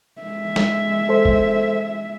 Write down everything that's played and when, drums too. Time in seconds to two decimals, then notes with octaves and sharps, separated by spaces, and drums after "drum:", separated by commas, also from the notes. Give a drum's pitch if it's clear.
0.22 G#3 E5
0.56 drum: snare
1.09 A4 C5
1.25 drum: kick F#1